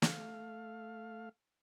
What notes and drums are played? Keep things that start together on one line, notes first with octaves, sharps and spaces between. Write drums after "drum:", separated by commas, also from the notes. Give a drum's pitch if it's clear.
A3 F5, drum: snare